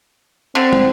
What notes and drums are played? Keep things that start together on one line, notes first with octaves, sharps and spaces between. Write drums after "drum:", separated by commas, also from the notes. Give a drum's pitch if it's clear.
D3 C4
drum: tom